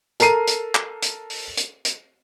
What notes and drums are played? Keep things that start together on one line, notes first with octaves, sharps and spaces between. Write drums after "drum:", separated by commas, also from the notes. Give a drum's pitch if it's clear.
A4 A#4 A#5 C7 D#7, drum: hi-hat
drum: hi-hat
drum: clap
drum: hi-hat
drum: open hi-hat
drum: hi-hat
drum: hi-hat